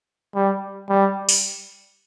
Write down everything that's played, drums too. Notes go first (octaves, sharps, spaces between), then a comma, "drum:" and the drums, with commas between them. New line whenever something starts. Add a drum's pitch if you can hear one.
G3
G3
drum: open hi-hat